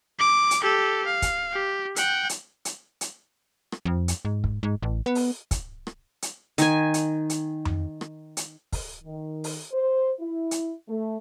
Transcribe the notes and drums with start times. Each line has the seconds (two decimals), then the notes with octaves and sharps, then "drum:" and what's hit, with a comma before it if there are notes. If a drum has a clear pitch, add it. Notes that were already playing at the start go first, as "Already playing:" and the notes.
0.19 D6
0.51 drum: hi-hat
0.61 G4 A4
1.06 F5
1.22 drum: kick, hi-hat
1.53 G4
1.96 F#5 G5, drum: hi-hat
2.29 drum: hi-hat
2.65 drum: hi-hat
3.01 drum: hi-hat
3.72 drum: rim click
3.85 F2
4.08 drum: hi-hat
4.25 G#2
4.44 drum: kick
4.63 G#2
4.82 A1
5.06 B3
5.15 drum: open hi-hat
5.51 drum: kick, hi-hat
5.87 drum: rim click
6.22 drum: hi-hat
6.58 D#3 G#5, drum: hi-hat
6.94 drum: hi-hat
7.30 drum: hi-hat
7.65 drum: tom F2
8.01 drum: rim click
8.37 drum: hi-hat
8.72 drum: kick, open hi-hat
9.04 D#3
9.44 drum: open hi-hat
9.72 C5
10.20 E4
10.51 drum: hi-hat
10.88 A3